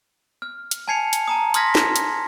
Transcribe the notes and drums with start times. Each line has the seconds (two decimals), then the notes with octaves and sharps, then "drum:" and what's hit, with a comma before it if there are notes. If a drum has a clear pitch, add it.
0.42 F6
0.71 drum: hi-hat
0.88 G#5 A5 G#6 C7 C#7 F7
1.13 drum: hi-hat
1.28 A5 A#5 D#6
1.54 C6 D#6 F6 G#6 A#6 B6, drum: hi-hat
1.75 drum: snare
1.96 drum: hi-hat